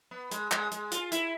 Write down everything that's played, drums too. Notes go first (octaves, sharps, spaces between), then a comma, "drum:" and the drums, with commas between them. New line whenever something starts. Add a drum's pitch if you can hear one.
B3
G#3, drum: hi-hat
G#3, drum: clap
G#3, drum: hi-hat
F4, drum: hi-hat
E4, drum: hi-hat